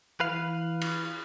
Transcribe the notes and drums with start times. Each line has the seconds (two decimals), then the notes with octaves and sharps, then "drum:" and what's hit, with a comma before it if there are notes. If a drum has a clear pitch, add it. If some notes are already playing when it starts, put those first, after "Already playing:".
0.20 E3 B4 F5
0.81 drum: cymbal